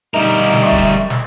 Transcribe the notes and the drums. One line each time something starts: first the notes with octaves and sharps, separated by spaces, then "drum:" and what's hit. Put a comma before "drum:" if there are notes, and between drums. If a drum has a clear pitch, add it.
G3 D#4 A#4 E5
drum: snare
D5 C6 C#6
drum: kick
drum: snare